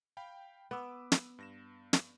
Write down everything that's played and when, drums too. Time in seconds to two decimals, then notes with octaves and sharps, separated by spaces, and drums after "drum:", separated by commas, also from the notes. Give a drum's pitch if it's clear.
0.17 F5 G5 B5
0.71 B3 B4 D6 E6
1.12 drum: snare
1.38 G2 A#6 E7
1.93 drum: snare